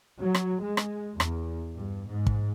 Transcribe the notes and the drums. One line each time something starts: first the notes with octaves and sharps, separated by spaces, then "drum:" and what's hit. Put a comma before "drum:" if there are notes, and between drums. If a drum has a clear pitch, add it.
F#3
drum: rim click
G#3
drum: rim click
E2, drum: rim click
G2
G#2
drum: kick